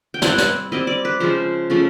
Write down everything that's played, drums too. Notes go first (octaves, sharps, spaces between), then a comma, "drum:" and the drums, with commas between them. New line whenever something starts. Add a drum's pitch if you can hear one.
G5
G3 C4 E4 F#5, drum: snare
drum: snare
G3 C4 E4 D#5
D5
B4
C#3 F3 G#3 C5
C#3 F3 A3 C#4